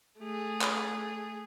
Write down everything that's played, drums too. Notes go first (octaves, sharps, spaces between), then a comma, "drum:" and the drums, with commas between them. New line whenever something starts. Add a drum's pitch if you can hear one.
A3 G#4
drum: clap